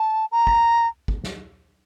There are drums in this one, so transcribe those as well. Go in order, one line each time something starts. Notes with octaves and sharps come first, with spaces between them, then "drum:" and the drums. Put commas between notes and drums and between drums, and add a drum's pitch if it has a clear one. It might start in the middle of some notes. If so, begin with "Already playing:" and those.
Already playing: A5
A#5
drum: kick
drum: kick
drum: snare